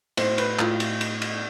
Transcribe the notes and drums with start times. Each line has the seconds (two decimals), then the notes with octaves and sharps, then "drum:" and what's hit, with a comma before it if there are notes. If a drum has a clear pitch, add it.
0.17 A2 C5, drum: cymbal
0.38 B4, drum: cymbal
0.59 A2 F4, drum: clap
0.80 drum: cymbal
1.01 drum: cymbal
1.22 drum: cymbal